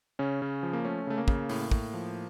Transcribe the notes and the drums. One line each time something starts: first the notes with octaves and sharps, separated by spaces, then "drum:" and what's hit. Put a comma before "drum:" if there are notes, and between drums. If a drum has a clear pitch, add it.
C#3 C#4
C#3
F3
A#3
A3 C#4
C#3 A3
A#3
C#3, drum: kick
A2, drum: open hi-hat
A2, drum: kick
F3